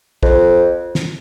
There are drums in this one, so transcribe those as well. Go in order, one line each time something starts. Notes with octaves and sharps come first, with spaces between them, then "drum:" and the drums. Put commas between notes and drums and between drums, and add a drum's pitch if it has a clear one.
F2, drum: kick
drum: snare